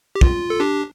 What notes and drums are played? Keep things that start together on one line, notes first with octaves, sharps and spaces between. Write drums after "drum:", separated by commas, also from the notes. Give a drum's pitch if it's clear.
G4
F4, drum: kick
A4
D4 G4